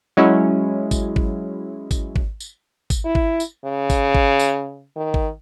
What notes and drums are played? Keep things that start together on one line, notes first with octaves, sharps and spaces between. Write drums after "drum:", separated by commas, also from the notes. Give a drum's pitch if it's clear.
F#3 G#3 C#4 E4
drum: kick G#1, tambourine
drum: kick G#1
drum: kick G#1, tambourine
drum: kick G#1
drum: tambourine
drum: kick G#1, tambourine
E4
drum: kick G#1
drum: tambourine
C#3
drum: kick G#1, tambourine
drum: kick G#1
drum: tambourine
D#3
drum: kick G#1